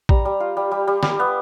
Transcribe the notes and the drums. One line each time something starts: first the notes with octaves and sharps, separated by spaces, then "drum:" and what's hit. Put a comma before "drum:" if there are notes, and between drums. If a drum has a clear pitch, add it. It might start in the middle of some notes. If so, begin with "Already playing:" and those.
G3 A#5, drum: kick
G3
F4
G3
G3
G3
G3, drum: snare
B3